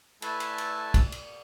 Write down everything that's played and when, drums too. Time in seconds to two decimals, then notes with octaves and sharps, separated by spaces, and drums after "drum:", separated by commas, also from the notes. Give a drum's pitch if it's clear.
0.22 A3 E4 A4 B4 G#5 A5, drum: cymbal
0.40 drum: cymbal
0.58 drum: cymbal
0.94 drum: kick, cymbal
1.12 drum: cymbal